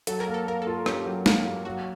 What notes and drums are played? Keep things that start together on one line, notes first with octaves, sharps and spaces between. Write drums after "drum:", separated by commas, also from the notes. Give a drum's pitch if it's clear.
F#3 A4, drum: hi-hat
A#4
A#3
A4
A#3 A#4
A4
F4
C#4 G4, drum: rim click
F#3
A#3, drum: snare
A#3
F#3 F#4